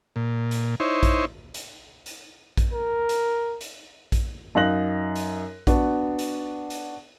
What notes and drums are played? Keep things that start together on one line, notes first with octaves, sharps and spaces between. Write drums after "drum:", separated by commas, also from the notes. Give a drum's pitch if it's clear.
A#2
drum: hi-hat
D#4 E4 C5 C#5
drum: kick A#1, hi-hat
drum: hi-hat
drum: hi-hat
drum: kick A#1, hi-hat
A#4
drum: hi-hat
drum: hi-hat
drum: kick A#1, hi-hat
F#2 D#4 F5 F#6 A#6 F#7
drum: hi-hat
B3 D4 F#4, drum: kick A#1, hi-hat
drum: hi-hat
drum: hi-hat